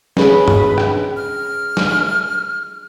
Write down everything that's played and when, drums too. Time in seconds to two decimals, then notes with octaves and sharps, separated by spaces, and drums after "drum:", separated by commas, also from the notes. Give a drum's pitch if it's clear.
0.17 C#4 G#4 B4, drum: snare
0.48 drum: tom
0.78 drum: rim click
1.17 F6
1.77 drum: snare